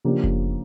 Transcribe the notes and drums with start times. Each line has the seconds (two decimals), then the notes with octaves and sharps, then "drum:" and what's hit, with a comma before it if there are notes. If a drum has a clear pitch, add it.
0.04 C#3 F3 A#3 D4 G4
0.24 drum: kick F1